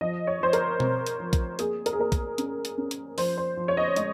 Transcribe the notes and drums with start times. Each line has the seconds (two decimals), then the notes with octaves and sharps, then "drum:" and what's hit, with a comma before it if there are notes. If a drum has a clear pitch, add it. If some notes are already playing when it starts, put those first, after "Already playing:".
0.01 F3 D#5
0.27 C#5
0.41 F3 C5
0.53 A#4, drum: hi-hat
0.80 C4, drum: tom B2
1.06 drum: hi-hat
1.20 F3
1.33 drum: kick A#1, hi-hat
1.59 A#3 G#4, drum: hi-hat
1.86 A#4, drum: hi-hat
1.93 G#4
1.99 A#3 A#4
2.12 drum: kick A#1, hi-hat
2.38 C#4, drum: hi-hat
2.65 drum: hi-hat
2.78 C#4
2.91 drum: hi-hat
3.18 F3 C5, drum: open hi-hat
3.37 C5
3.57 F3
3.68 C#5
3.77 D#5
3.96 G#3 D#5, drum: hi-hat